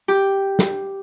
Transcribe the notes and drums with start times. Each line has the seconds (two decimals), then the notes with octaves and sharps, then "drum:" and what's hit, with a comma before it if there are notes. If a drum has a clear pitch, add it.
0.08 G4
0.59 drum: snare